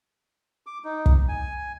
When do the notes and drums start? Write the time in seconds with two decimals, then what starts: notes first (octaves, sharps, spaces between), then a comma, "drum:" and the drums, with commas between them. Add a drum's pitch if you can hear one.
0.66 D6
0.84 D#4
1.06 drum: kick
1.28 G#5